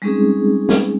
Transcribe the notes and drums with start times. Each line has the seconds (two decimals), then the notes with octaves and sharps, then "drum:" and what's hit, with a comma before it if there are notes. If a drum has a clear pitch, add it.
0.02 G3 G#3 C4 C#4 D#4 G#4
0.69 drum: snare